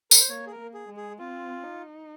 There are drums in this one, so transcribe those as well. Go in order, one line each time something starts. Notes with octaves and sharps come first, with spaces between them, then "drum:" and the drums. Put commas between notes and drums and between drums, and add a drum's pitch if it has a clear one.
A#4, drum: tambourine
C5
A#3 C#5
G#4
A#4
A#3
G#4
G#3
G#4
C4 F4
D#4